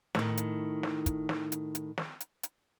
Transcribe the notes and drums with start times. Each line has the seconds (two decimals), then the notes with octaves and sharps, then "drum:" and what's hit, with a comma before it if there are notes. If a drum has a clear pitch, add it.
0.15 A2 D#3, drum: snare
0.37 drum: hi-hat
0.83 drum: snare
1.06 drum: kick, hi-hat
1.29 drum: snare
1.52 drum: hi-hat
1.75 drum: hi-hat
1.98 drum: snare
2.20 drum: hi-hat
2.43 drum: hi-hat